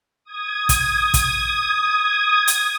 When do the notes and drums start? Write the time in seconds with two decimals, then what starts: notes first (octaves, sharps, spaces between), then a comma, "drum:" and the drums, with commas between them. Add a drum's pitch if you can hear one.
0.24 D#6 G#6
0.69 drum: kick, hi-hat
1.14 drum: kick, hi-hat
2.48 drum: hi-hat